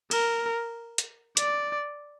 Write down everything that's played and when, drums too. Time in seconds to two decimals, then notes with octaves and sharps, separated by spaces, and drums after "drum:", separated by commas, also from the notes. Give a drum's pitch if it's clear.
0.11 A#4, drum: cymbal
0.98 drum: hi-hat
1.37 D5, drum: hi-hat